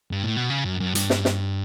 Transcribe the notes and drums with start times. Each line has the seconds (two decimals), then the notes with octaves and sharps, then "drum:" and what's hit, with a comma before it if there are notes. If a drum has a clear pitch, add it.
0.11 G2
0.24 A2
0.36 B2
0.50 C#3
0.65 F#2
0.80 F#2
0.95 G2, drum: hi-hat
1.10 drum: snare
1.25 drum: snare